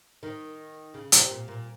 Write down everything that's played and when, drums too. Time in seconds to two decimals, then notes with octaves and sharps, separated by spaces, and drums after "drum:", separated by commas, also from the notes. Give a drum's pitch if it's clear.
0.23 D#3
0.94 C#3
1.12 C3, drum: hi-hat
1.30 A#2
1.48 A#2